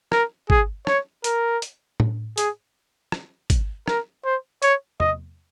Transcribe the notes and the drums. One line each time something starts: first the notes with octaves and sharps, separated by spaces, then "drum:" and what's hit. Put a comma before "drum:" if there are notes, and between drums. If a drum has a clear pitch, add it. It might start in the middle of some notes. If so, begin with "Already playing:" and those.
A#4, drum: rim click
G#4, drum: kick
C#5, drum: rim click
A#4, drum: hi-hat
drum: hi-hat
drum: tom A2
G#4, drum: hi-hat
drum: rim click
drum: kick, hi-hat
A#4, drum: rim click
C5
C#5, drum: hi-hat
D#5, drum: tom E2